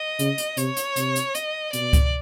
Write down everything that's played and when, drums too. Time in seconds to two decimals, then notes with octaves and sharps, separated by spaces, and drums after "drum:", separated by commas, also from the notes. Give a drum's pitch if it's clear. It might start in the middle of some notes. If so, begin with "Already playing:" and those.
Already playing: D#5
0.19 C#3, drum: hi-hat
0.38 drum: hi-hat
0.57 C3 C#5, drum: hi-hat
0.77 drum: hi-hat
0.96 C3, drum: hi-hat
1.15 drum: hi-hat
1.35 D#5, drum: hi-hat
1.73 B2 D5, drum: hi-hat
1.93 drum: kick C#2, hi-hat